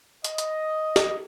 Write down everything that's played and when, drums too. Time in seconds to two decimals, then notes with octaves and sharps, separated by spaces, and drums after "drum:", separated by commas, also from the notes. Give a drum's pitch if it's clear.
0.24 D#5, drum: hi-hat
0.38 drum: hi-hat
0.96 drum: snare